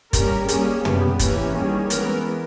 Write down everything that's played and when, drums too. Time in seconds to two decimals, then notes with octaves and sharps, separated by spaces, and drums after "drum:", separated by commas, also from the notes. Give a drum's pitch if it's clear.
0.13 G3 A#3 C#4 A#4, drum: kick, hi-hat
0.48 G3 A#3 C#4 G#4, drum: hi-hat
0.85 G3 B3 G4, drum: tom
1.19 E3 A#3 C#4 G4, drum: kick, hi-hat
1.55 D#3 G3 A#3 C#4 G#4
1.90 E3 G#3 B3 A#4, drum: hi-hat